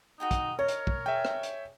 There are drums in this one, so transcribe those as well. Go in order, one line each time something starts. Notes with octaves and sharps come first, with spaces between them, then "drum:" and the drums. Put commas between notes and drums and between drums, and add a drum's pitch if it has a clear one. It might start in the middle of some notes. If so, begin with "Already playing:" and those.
D#4 F#4 G#4 G5
drum: kick, hi-hat
A#4 C#5 D#5
drum: hi-hat
drum: kick
G#4 E5 G5
drum: rim click
drum: hi-hat